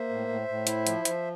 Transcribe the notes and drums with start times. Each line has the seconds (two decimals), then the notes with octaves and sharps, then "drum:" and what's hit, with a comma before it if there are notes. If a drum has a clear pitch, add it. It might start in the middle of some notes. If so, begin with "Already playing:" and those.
Already playing: A#3 C5 E5
0.09 A2
0.28 A2
0.48 A2
0.67 E4, drum: hi-hat
0.87 F3, drum: hi-hat
1.05 F3, drum: hi-hat